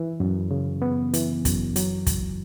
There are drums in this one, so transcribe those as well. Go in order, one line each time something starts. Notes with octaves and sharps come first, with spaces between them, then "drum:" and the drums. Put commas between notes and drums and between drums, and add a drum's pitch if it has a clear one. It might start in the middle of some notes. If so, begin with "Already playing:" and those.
Already playing: E3
F#2
C#3
B3
E3, drum: hi-hat
F#2, drum: kick, hi-hat
F#3, drum: hi-hat
C#2, drum: kick, hi-hat